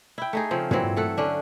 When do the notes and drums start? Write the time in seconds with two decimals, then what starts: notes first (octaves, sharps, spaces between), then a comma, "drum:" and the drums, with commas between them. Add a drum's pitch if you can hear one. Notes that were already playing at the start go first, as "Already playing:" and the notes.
0.18 E4 G5
0.33 A3 D#4 G#4
0.51 C#3 F3 C4
0.71 A#2 E3 F#3 C4, drum: tom
0.96 A3 A4 F#5
1.18 D3 C#4 D4